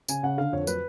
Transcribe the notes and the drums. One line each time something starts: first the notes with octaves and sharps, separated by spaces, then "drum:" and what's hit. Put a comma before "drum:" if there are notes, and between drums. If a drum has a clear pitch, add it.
C#3 G#5, drum: tambourine
C#3 F#5
D3 F5
F2 C#5
F#3 B4, drum: tambourine